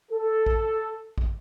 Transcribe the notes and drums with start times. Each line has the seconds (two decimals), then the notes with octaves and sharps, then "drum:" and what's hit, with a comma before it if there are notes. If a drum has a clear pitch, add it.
0.11 A4
0.46 drum: kick
1.18 drum: kick